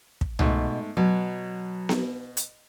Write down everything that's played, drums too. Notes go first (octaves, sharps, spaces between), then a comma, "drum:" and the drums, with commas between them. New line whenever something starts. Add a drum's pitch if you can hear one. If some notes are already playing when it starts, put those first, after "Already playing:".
drum: kick
G#2 B2 A3, drum: tom C2
B2 F#3
drum: snare B3
drum: hi-hat